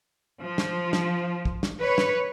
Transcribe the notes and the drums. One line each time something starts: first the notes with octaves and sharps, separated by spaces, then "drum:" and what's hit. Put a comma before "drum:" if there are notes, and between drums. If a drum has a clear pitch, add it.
F3
drum: snare
drum: snare
drum: kick
drum: snare
B4 C#5
drum: snare